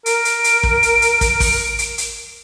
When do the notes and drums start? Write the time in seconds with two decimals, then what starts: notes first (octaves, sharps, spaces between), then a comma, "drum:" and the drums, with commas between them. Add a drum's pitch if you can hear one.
0.06 A#4 D7, drum: hi-hat
0.25 drum: hi-hat
0.44 drum: hi-hat
0.63 drum: kick
0.83 drum: hi-hat
1.02 drum: hi-hat
1.21 drum: kick, hi-hat
1.40 drum: kick, open hi-hat
1.79 drum: hi-hat
1.98 drum: hi-hat